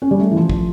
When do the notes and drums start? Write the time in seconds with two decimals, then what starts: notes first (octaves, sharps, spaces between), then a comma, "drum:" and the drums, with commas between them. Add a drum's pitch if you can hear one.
0.02 C#4
0.11 G3
0.19 A3
0.31 E3
0.37 F3
0.50 drum: kick